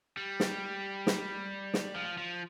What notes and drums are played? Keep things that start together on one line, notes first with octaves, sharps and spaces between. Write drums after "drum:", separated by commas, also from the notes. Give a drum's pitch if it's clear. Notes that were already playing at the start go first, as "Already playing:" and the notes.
G3
drum: snare
drum: snare
drum: snare
F3
F3